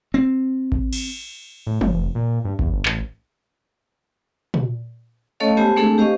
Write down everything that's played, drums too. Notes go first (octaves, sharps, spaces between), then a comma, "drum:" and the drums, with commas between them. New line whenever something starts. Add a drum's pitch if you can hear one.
C4
drum: kick A1
drum: cymbal
A2
G1, drum: tom
F1
A#2
G2
E2, drum: kick A1
G1
A1, drum: clap
drum: tom
A3 C#4 A4 C#5 D#5 F5
G#3 B3 G4 C5 G#5 A5
G#3 A3 C4 D4 G#4 A4
G4 C5 D#5 F5 C#6